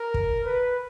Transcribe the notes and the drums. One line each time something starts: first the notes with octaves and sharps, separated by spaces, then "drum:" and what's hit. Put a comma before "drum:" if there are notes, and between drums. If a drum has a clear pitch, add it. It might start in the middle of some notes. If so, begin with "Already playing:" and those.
Already playing: A#4
drum: kick
B4